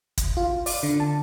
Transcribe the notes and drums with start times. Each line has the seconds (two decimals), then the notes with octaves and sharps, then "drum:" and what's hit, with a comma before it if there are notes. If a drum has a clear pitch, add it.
0.18 drum: kick, hi-hat
0.37 F4
0.66 D5, drum: open hi-hat
0.83 D3
1.00 A5